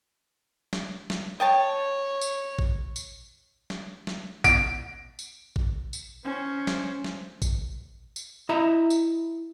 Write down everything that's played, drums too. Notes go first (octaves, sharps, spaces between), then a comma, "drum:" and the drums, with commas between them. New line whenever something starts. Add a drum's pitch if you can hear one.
drum: snare
drum: snare
C#5 D#5 G5 A5
drum: tambourine
drum: kick A1
drum: tambourine
drum: snare
drum: snare
D7, drum: kick A1, tambourine
drum: tambourine
drum: kick A1
drum: tambourine
C#4 C5
drum: snare
drum: snare
drum: kick A1, tambourine
drum: tambourine
E4 D#5 E5 A#5
drum: tambourine